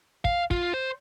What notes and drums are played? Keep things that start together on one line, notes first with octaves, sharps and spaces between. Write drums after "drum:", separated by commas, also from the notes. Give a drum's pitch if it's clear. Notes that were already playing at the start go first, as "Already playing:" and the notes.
F5, drum: kick
F4, drum: kick
C5